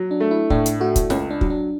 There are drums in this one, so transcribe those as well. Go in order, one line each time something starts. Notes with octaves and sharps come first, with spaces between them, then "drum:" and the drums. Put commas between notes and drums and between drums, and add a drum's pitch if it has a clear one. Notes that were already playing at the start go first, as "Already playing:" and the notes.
Already playing: F#3
D4
A3
E4
A2 D4, drum: kick
drum: hi-hat
A3 F#4
drum: kick, hi-hat
C#2 C#4, drum: snare
D4
F#3, drum: kick
D4